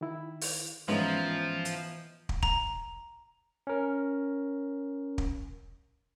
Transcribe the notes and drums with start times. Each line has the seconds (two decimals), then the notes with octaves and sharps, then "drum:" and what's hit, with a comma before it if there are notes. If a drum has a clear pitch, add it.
0.01 D#3 E4
0.41 drum: open hi-hat
0.88 G#2 E3 F3 B3 C#4 D#4 A#5, drum: snare
1.65 drum: hi-hat
2.29 drum: kick
2.43 A#5, drum: kick
3.67 C#4 A#4
5.18 drum: kick